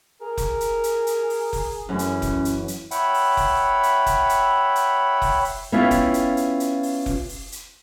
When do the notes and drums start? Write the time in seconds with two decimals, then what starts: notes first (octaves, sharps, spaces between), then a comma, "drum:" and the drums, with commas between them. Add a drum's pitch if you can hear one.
0.21 G#4 A#4
0.37 drum: kick F1, hi-hat
0.61 drum: hi-hat
0.84 drum: hi-hat
1.07 drum: hi-hat
1.30 drum: open hi-hat
1.53 drum: kick F1, open hi-hat
1.89 F#2 E3 A3 C#4
1.99 drum: hi-hat
2.22 drum: kick F1, hi-hat
2.45 drum: hi-hat
2.68 drum: hi-hat
2.91 C#5 E5 F#5 G5 B5, drum: hi-hat
3.14 drum: open hi-hat
3.37 drum: kick F1, open hi-hat
3.83 drum: hi-hat
4.06 drum: kick F1, hi-hat
4.29 drum: hi-hat
4.75 drum: hi-hat
5.22 drum: kick F1, open hi-hat
5.45 drum: open hi-hat
5.72 B3 C#4 E4 F4 G4
5.91 drum: kick F1, hi-hat
6.14 drum: hi-hat
6.37 drum: hi-hat
6.60 drum: hi-hat
6.83 drum: open hi-hat
7.06 drum: kick F1, open hi-hat
7.29 drum: open hi-hat
7.52 drum: hi-hat